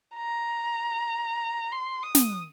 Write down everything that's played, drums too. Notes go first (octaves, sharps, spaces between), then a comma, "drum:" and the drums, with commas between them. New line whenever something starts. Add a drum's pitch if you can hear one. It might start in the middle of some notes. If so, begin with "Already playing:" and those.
A#5
C6
D#6
drum: snare